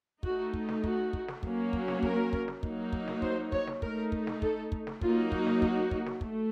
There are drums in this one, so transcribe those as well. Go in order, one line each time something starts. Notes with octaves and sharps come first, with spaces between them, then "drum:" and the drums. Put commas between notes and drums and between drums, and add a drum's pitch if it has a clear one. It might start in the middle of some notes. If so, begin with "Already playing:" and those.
A3 D#4 F#4, drum: kick
drum: kick
drum: snare
F#4, drum: kick
drum: kick
drum: snare
F#3 A#3 C#4, drum: kick
drum: kick
drum: snare
A#4, drum: kick
drum: kick
drum: snare
F#3 A#3 D#4, drum: kick
drum: kick
drum: snare
C5, drum: kick
C#5, drum: kick
drum: snare
A3 D#4 A#4, drum: kick
drum: kick
drum: snare
A4, drum: kick
drum: kick
drum: snare
F#3 A#3 D#4 F4, drum: kick
F#4, drum: kick
drum: snare
F#4, drum: kick
drum: kick
drum: snare
A3, drum: kick